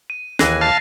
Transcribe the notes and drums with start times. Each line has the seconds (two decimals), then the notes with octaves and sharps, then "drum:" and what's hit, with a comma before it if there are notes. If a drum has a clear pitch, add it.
0.10 D#7
0.39 D#2 E3 G#4 F#6 A#6 D#7, drum: snare
0.61 F5 A5 A6 C7